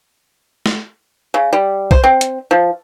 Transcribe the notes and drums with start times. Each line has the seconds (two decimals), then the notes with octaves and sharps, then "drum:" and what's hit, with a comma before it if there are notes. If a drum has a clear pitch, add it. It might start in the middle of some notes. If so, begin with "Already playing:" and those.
0.66 drum: snare
1.34 C#3
1.53 G3
1.91 C5, drum: kick B1
2.04 C4
2.21 drum: hi-hat
2.51 F3